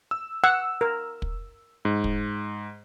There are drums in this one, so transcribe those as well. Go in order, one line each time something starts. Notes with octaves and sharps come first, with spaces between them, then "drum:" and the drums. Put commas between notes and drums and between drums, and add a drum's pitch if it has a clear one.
E6
F#5 E6
A#4
drum: kick
G#2
drum: kick